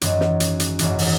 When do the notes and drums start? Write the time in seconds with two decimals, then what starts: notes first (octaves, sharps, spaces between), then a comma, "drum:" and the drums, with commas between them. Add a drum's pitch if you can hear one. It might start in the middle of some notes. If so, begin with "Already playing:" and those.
0.01 G#1 F#2 E3 G#3, drum: hi-hat
0.21 drum: snare
0.40 drum: hi-hat
0.60 drum: hi-hat
0.79 G#1 F#2 E3 G#3, drum: hi-hat
0.99 drum: open hi-hat